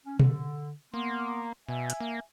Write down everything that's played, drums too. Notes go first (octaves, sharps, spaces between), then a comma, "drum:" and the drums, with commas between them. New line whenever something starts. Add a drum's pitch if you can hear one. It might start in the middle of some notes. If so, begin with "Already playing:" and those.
C#4
D3, drum: tom B2
A#3 B3 C6
B2 E5 G#5
drum: hi-hat
A#3